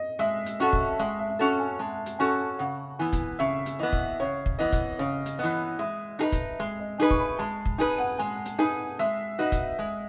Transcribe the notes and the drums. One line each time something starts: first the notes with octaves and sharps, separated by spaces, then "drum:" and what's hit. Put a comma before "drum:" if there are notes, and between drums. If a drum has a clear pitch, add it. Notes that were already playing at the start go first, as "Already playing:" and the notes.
Already playing: D#5
G#3 E5
drum: hi-hat
C#4 F#4 A4 F#5
drum: kick
G#3 E5
E5
E5
C#4 F#4 A4 F#5
G#5
G#3 A5
drum: hi-hat
C#4 F#4 A4 G#5
C#3 F#5
E3 B3 G#5
drum: kick, hi-hat
C#3 E5
drum: hi-hat
E3 B3 D#5
drum: kick
C#3 C#5
drum: kick
E3 B3 D#5
drum: kick, hi-hat
C#3 C#5
drum: hi-hat
E3 B3 D#5
G#3 E5
D#4 G#4 B4 D#5
drum: kick, hi-hat
G#3 E5
D#5
D#4 G#4 B4 G#5
C#6, drum: kick
B5
G#3 A5
drum: kick
D#4 G#4 B4 G#5
F#5
G#3 G#5
drum: hi-hat
D#4 G#4 B4 G#5
G#3 E5
D#4 F#4 B4 D#5
drum: kick, hi-hat
G#3